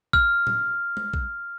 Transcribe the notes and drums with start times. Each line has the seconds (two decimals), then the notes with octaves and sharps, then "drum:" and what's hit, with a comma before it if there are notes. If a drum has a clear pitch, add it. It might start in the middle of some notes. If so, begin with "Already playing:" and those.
0.13 F6, drum: kick A#1
0.47 drum: tom
0.97 drum: tom G#3
1.14 drum: kick A#1